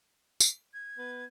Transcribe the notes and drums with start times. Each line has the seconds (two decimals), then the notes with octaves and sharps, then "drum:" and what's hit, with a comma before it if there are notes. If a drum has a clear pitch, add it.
0.40 drum: tambourine
0.74 G#6
0.98 B3